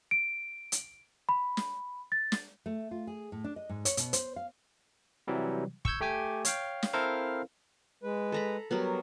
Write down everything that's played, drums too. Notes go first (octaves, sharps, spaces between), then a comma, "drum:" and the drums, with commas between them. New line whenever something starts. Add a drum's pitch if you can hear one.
D7
drum: hi-hat
B5
drum: snare
A6
drum: snare
A3
F4
G#4
A2
D4
D#5
G#2
C#5, drum: hi-hat
B2, drum: hi-hat
C5, drum: hi-hat
F5
C3 E3 F#3 G3
C#6 E6 G6 G#6, drum: kick
A3 G4 G5 G#5 D6
C#5 F5 G5, drum: hi-hat
drum: snare
C4 E4 A4 A#4 C5 F5
G#3 B4
A4 A#5 B5
F#3 G3 B3 A#4